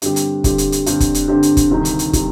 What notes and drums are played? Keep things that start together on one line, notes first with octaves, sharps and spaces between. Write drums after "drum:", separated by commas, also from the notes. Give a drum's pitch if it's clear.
G2 D3 G3 C4 G4, drum: hi-hat
drum: hi-hat
G2 D3 G3 C4 G4, drum: kick, hi-hat
drum: hi-hat
drum: hi-hat
G2 D3 G3 C4 G4, drum: hi-hat
drum: kick, hi-hat
drum: hi-hat
G2 D3 G3 C4 G4
drum: hi-hat
drum: kick, hi-hat
D2 C3 D#3 G3
drum: hi-hat
drum: hi-hat
C3 D#3 G3, drum: kick, hi-hat